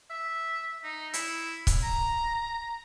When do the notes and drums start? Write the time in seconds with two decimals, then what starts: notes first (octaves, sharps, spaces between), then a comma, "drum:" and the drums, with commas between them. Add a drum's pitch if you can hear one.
0.10 E5
0.84 D#4
1.13 E4, drum: hi-hat
1.67 drum: kick, hi-hat
1.83 A#5